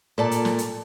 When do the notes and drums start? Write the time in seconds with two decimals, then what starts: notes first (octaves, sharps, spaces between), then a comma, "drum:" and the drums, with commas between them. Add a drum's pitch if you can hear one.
0.18 A#2 A4 D5 A5
0.31 drum: hi-hat
0.45 drum: snare
0.58 drum: hi-hat